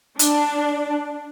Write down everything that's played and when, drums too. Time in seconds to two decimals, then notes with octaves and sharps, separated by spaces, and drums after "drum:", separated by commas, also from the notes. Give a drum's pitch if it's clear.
0.19 D4, drum: hi-hat